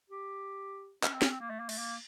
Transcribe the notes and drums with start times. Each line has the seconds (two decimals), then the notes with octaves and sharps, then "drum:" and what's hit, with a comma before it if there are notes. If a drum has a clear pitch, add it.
0.10 G4
1.03 C#4, drum: clap
1.13 C4
1.22 C#4, drum: snare
1.32 C4
1.41 A#3
1.50 A3
1.60 A#3
1.69 A3, drum: cymbal
1.78 A#3